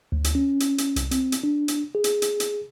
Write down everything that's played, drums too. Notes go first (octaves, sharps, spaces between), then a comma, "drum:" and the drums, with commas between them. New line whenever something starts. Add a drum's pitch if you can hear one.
D2
drum: hi-hat
C#4
drum: hi-hat
drum: hi-hat
C2, drum: hi-hat
C4, drum: hi-hat
drum: hi-hat
D4
drum: hi-hat
G#4
drum: hi-hat
drum: hi-hat
drum: hi-hat